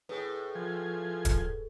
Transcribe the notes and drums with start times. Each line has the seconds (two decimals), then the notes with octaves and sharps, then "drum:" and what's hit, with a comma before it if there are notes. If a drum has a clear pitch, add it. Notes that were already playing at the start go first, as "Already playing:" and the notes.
0.09 A2 G#4 B4
0.55 F3 G#5
1.25 drum: kick, hi-hat